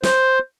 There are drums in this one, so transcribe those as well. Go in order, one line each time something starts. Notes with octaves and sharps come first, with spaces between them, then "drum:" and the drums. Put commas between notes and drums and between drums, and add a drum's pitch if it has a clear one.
C5, drum: snare